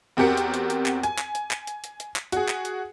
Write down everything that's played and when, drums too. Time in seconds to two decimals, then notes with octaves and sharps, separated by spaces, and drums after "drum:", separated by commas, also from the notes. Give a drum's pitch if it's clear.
0.17 E2 C4 F#4 G4 A#4 C#7
0.37 drum: hi-hat
0.54 drum: hi-hat
0.70 drum: hi-hat
0.86 drum: clap
1.03 G#5, drum: hi-hat
1.19 drum: clap
1.35 drum: hi-hat
1.51 drum: clap
1.67 drum: hi-hat
1.84 drum: hi-hat
2.00 drum: hi-hat
2.16 drum: clap
2.32 F#4 G#4, drum: hi-hat
2.49 drum: clap
2.65 drum: hi-hat